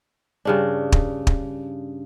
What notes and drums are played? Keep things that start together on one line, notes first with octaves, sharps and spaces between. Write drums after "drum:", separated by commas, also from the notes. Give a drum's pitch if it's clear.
G2 C#3 D4
drum: kick
drum: kick